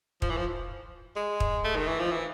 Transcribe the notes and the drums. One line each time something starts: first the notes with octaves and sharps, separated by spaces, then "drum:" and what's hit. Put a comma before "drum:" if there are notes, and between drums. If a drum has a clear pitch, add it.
F3, drum: kick
E3
F3
G#3
drum: kick
A3
D#3
E3
F3
E3